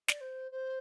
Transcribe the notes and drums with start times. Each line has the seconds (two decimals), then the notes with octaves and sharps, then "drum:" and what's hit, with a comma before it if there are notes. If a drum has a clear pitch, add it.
0.08 D5, drum: snare
0.21 C5
0.51 C5